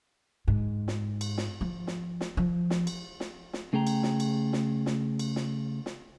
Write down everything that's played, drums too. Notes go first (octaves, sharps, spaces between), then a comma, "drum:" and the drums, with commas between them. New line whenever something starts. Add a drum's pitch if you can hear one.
G#2
drum: snare
drum: cymbal
drum: snare
F3
drum: snare
drum: snare
F3
drum: snare
drum: cymbal
drum: snare
drum: snare
C#3 A3 G#4 G5 A#5
drum: cymbal
drum: snare
drum: cymbal
drum: snare
drum: snare
drum: cymbal
drum: snare
drum: snare